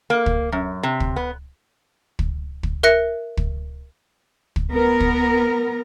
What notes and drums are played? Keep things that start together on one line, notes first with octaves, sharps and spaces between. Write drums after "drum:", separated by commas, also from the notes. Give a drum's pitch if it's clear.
A#3
drum: kick
F#2
C3
drum: kick
B3
drum: kick
drum: kick
A#4 E5 F#6 A#6 C#7
drum: kick
drum: kick
B3 A#4
drum: kick